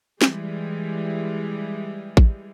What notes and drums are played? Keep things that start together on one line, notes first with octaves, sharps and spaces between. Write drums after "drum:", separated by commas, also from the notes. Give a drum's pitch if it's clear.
E3 G3 G#3, drum: snare
drum: kick A1